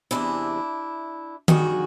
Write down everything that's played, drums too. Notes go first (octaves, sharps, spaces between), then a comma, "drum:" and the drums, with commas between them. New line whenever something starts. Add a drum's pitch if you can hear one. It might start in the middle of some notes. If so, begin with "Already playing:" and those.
E2 C3 E3 D4 E4
G2 D#3 F#4 G#4, drum: tom D#3